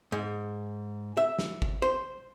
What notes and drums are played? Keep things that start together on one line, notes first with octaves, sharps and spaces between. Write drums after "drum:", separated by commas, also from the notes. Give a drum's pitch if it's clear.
G#2
E5
drum: snare
drum: kick G1
C5